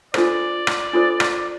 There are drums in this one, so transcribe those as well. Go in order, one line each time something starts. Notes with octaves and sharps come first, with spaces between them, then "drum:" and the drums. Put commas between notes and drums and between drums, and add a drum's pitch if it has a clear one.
D4 F4 A4 C5 D5, drum: rim click
drum: rim click
D4 F4 A4 C5
drum: rim click